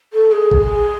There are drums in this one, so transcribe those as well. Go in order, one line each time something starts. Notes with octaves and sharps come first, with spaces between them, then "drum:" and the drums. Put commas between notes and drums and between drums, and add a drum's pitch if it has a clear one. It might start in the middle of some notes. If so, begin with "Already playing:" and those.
A4
G#4
drum: kick A1